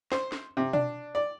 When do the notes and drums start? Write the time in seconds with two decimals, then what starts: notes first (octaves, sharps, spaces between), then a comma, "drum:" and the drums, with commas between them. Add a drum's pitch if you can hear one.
0.12 C5, drum: snare
0.32 drum: snare
0.57 C3
0.73 D4, drum: tom B2
1.15 D5